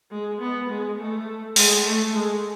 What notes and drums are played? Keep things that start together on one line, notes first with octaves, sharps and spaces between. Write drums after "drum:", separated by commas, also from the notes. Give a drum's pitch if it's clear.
G#3
B3
G#3
A3
G#3, drum: open hi-hat
A3
G#3